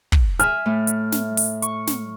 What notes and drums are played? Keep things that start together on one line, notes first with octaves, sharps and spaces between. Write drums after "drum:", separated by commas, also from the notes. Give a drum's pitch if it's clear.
drum: kick
E5 G#5 F6, drum: hi-hat
A2 A3
drum: hi-hat
drum: snare
drum: open hi-hat
C#6, drum: hi-hat
drum: snare